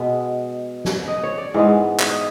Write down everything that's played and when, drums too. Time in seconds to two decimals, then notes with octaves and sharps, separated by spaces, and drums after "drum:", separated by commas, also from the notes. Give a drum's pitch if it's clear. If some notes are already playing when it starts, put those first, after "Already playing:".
Already playing: B2 G#3 B3 E5
0.85 drum: snare
1.08 D#5
1.24 C#5
1.38 D5
1.54 G#2 E3 G#3 B3 D#5
2.00 E5, drum: clap
2.09 D#5